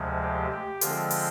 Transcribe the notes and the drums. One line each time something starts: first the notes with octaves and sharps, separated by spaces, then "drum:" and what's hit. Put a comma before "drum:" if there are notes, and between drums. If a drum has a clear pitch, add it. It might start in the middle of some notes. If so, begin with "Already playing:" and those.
Already playing: D2 C3 F3 G#3
G4
G4
D3 F3 G#3 C4 F4, drum: hi-hat
drum: open hi-hat